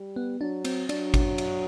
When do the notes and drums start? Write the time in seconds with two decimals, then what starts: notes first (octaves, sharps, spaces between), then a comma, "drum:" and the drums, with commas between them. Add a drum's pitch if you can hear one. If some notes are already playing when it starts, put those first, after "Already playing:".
Already playing: G3
0.16 B3
0.40 F#3 D4
0.65 C4, drum: cymbal
0.89 F#3 D4, drum: cymbal
1.14 drum: kick G#1, cymbal
1.38 drum: cymbal